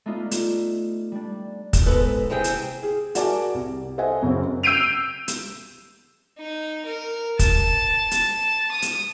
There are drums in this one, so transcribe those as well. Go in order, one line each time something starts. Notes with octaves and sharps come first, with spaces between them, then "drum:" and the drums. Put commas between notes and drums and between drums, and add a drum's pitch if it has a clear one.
A3 B3 D4 D#4 F4
drum: hi-hat
G3 D4
drum: kick, hi-hat
G#2 B3 A4 B4
C3 C4 E4 G#4 G5
drum: hi-hat
G#4
F#4 A#4 D5 G#5 A5 D6, drum: hi-hat
C2
A4 C5 D#5 E5 F#5 G#5
F#2 C#3 C4 C#4
E6 G6 C7 D7 D#7 F7
drum: hi-hat
D#4
A#4
A5, drum: kick, hi-hat
drum: hi-hat
D#6
drum: hi-hat